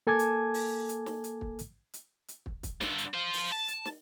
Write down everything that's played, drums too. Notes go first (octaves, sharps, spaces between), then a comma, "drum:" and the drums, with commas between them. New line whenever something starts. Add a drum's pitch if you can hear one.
A#3 A4 G#5 A5 D6 G#6
drum: hi-hat
drum: open hi-hat
drum: hi-hat
drum: snare
drum: hi-hat
drum: kick
drum: hi-hat
drum: hi-hat
drum: hi-hat
drum: kick
drum: kick, hi-hat
G2 D3, drum: snare
drum: hi-hat
F4 C5
drum: open hi-hat
A5
drum: hi-hat
drum: snare